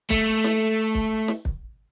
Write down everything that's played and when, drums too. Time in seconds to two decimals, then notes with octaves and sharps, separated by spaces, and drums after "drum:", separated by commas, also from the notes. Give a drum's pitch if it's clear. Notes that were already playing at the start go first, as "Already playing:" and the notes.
0.11 A3, drum: kick
0.44 drum: snare
0.95 drum: kick
1.28 drum: snare
1.45 drum: kick